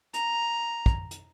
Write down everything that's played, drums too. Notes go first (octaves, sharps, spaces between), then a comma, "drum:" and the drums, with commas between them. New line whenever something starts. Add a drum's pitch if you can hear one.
A#5, drum: hi-hat
drum: kick
drum: hi-hat